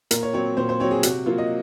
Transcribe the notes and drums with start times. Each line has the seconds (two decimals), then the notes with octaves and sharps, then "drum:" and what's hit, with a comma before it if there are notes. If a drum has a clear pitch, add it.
0.11 A#2 A#4, drum: hi-hat
0.22 C#5
0.33 F#3 C4 C#5
0.57 A#2 C5
0.69 C5
0.80 F#3 C4 C#5
0.91 G#4
1.03 C3 F#4, drum: hi-hat
1.26 F#3 A#3 F4
1.38 D#5